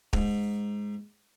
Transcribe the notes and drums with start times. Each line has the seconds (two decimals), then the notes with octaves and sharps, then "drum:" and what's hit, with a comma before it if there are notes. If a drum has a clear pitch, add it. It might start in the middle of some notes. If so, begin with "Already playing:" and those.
0.13 G#2, drum: kick